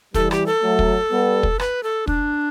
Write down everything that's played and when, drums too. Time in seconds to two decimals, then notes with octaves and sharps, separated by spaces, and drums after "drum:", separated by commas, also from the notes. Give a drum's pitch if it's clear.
0.14 E3 G3 A4, drum: kick
0.31 G4, drum: rim click
0.46 A4
0.63 F#3 A3
0.79 drum: kick
1.11 G3 B3
1.43 drum: kick
1.59 B4, drum: rim click
1.83 A4
2.07 D4, drum: kick